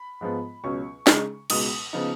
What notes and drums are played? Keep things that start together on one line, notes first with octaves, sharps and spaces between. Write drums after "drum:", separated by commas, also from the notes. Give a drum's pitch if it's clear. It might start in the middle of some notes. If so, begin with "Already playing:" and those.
Already playing: B5
G#2 F3 G#3 B3
C#2 B2 F#3 C#4 C#6
C#3 G#3 D#4, drum: snare
C#2 B2 G#3 D#4 D#6, drum: cymbal
C#3 F3 B3 D#4